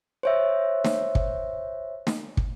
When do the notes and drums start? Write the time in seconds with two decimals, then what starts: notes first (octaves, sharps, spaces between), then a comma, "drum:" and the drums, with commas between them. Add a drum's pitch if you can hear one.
0.23 C5 C#5 E5
0.84 drum: snare
1.15 drum: kick
2.07 drum: snare
2.37 drum: kick